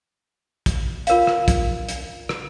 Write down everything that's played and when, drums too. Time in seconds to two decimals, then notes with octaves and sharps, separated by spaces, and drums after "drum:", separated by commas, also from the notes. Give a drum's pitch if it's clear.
0.66 drum: kick, hi-hat
1.07 F4 A#4 C#5 F5, drum: hi-hat
1.27 drum: rim click
1.48 drum: kick, hi-hat
1.89 drum: hi-hat
2.29 drum: rim click